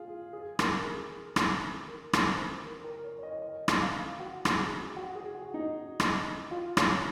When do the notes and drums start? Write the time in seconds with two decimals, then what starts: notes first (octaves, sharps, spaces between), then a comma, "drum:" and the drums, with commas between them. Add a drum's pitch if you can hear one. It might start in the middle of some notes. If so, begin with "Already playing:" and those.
Already playing: F4 G#4
0.33 G#4
0.59 A#4, drum: rim click
0.85 G#4
1.36 drum: rim click
1.88 A#4
2.13 drum: rim click
2.26 C5
2.65 A#4
2.84 A#4
3.04 C#5
3.19 C#5
3.23 D#5
3.42 D#5
3.68 drum: rim click
3.81 F5
4.19 F#4
4.45 drum: rim click
4.58 G#4
4.96 F#4
5.15 G#4
5.35 F#4
5.54 D#4
6.00 drum: rim click
6.51 F4
6.77 C#5, drum: rim click